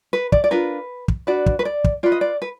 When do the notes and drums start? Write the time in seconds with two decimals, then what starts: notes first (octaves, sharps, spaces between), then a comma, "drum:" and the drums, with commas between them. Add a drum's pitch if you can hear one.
0.13 B4
0.32 D5, drum: kick
0.44 D5
0.51 D4 F4 A#4 B4
1.08 drum: kick
1.27 D4 F#4 B4 D5
1.46 drum: kick
1.59 B4
1.65 D5
1.84 drum: kick
2.03 F4 B4 D5
2.12 D#5
2.21 D5
2.42 B4